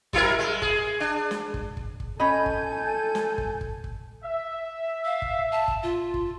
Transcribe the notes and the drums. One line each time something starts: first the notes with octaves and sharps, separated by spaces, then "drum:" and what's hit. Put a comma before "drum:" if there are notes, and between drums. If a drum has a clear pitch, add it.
F#3 E4 A#4, drum: kick
G#3
G#4, drum: kick
D4
drum: snare
drum: kick
drum: kick
drum: kick
C#4 A4 C#5 D#5 G#5 B5 G6 G#6
drum: kick
drum: snare
drum: kick
drum: kick
drum: kick
E5
F5
drum: kick
A5
drum: kick
F4
drum: kick